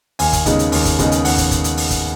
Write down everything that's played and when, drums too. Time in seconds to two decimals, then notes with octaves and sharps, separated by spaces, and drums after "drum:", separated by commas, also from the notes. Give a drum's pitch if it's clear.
0.19 D#2 G#5, drum: open hi-hat
0.33 drum: kick, hi-hat
0.46 C#3 G#3 B3 D#4, drum: kick, hi-hat
0.59 drum: hi-hat
0.72 D#2, drum: open hi-hat
0.85 drum: kick, hi-hat
0.99 C#3 G#3 B3 D#4, drum: kick, hi-hat
1.12 drum: hi-hat
1.25 D#2 F#5, drum: open hi-hat
1.38 drum: kick, hi-hat
1.51 drum: kick, hi-hat
1.64 drum: hi-hat
1.77 drum: open hi-hat
1.90 drum: kick, hi-hat